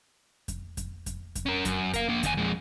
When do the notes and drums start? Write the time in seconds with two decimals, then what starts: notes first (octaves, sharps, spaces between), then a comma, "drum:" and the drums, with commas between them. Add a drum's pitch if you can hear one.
0.48 drum: kick F2, hi-hat
0.77 drum: kick F2, hi-hat
1.06 drum: kick F2, hi-hat
1.36 drum: kick F2, hi-hat
1.46 C#4 A#4
1.65 F#2, drum: kick F2, hi-hat
1.94 A#4 F5, drum: kick F2, hi-hat
2.09 A#3 D4
2.23 D#2 G#5, drum: kick F2, hi-hat
2.37 F2 G#3